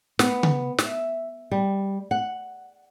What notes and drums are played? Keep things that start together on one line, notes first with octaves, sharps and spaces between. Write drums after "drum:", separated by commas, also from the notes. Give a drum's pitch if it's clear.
B3, drum: snare
drum: tom C#3
E5, drum: snare
G3
F#5